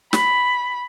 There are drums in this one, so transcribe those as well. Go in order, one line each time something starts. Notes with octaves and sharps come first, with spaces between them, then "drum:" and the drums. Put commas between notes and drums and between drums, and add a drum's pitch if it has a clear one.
B5, drum: snare